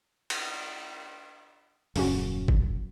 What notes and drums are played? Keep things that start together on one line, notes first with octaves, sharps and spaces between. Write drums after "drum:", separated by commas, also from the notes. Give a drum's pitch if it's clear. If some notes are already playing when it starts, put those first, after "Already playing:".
drum: cymbal
D#1 F#2 C#3 C#4 F#4, drum: open hi-hat
drum: kick G1